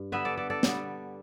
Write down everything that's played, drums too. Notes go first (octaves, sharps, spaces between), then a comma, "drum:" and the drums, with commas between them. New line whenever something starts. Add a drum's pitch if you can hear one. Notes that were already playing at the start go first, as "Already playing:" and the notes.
Already playing: G2
D3 B3 B4 E5
A4 D5
A4 D5
A4 D5
D3 G3 B3, drum: snare